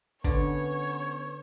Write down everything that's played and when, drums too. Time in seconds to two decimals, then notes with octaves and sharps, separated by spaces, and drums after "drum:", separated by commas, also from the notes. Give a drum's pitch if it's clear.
0.24 D3 B3 C#4 B4 C#5, drum: kick G#1